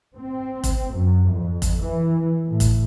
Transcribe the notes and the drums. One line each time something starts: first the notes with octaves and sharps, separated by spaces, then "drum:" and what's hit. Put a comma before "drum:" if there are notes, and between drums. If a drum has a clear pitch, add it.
C4
drum: kick, hi-hat
F#2
F2
drum: kick, hi-hat
E3
A2
drum: kick, hi-hat